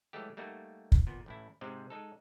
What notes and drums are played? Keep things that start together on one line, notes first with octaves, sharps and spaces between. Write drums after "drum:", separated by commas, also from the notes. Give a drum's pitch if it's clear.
E3 F#3 G#3 A3 G4
G3 A3 A#3 D#4 F#4
drum: kick
A#2 B3
A1 A2 E4
G#2 C3 G#3 C4
G#3 D#4 A4